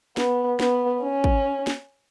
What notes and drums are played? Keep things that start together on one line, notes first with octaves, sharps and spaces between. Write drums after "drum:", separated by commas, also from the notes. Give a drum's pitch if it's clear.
B3, drum: snare
B3, drum: snare
C#4
drum: kick
drum: snare